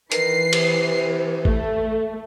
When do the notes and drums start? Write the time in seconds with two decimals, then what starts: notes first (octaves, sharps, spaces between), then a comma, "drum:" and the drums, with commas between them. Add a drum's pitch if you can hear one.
0.12 D#3 E3 B4 C7, drum: hi-hat
0.53 C3, drum: cymbal
1.45 A3, drum: kick A1